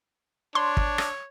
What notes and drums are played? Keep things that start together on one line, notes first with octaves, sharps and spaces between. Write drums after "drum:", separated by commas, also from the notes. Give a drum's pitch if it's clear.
D4 C#5 C6
drum: kick
drum: rim click